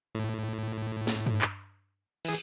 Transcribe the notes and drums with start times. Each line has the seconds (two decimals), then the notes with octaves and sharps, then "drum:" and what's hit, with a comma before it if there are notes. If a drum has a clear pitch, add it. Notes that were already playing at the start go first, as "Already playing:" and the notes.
0.15 A2
1.07 drum: snare
1.27 drum: tom G2
1.42 drum: clap
2.25 E3 G#4, drum: cymbal